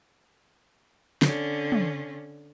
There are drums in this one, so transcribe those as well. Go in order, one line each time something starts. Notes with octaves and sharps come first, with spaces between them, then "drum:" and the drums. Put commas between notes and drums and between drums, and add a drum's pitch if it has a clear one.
D3 C#4, drum: snare
drum: tom